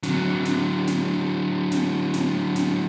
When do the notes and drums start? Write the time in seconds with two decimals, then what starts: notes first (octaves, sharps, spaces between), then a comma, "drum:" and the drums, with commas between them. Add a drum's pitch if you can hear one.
0.03 D3 F#3, drum: snare
0.45 drum: snare
0.87 drum: snare
1.72 drum: snare
2.14 drum: snare
2.56 drum: snare